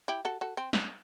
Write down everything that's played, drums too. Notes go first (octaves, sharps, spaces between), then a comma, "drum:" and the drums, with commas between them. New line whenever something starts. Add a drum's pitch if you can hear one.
E4 G4
F#4 A4
F#4 A4
C4
B3 D4, drum: snare